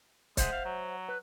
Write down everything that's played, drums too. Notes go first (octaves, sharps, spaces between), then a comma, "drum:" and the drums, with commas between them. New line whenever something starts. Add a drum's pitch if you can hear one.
G#3 C5 E5 F#5, drum: kick C#1, hi-hat
F5
F#3
B4